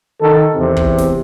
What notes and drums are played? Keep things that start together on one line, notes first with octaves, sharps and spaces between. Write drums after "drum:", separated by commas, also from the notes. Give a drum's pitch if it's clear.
D#3 A4
E2 C3
drum: kick
drum: snare